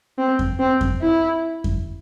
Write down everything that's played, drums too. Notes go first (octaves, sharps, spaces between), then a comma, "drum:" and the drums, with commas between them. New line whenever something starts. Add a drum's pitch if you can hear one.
C4
drum: kick F2
C4
drum: kick F2
E4
drum: kick F2